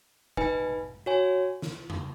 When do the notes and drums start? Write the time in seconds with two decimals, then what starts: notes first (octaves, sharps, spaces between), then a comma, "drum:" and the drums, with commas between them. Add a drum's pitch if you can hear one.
0.37 D#4 B4 G#5, drum: kick
1.06 F#4 C#5 G#5
1.62 drum: snare
1.90 drum: tom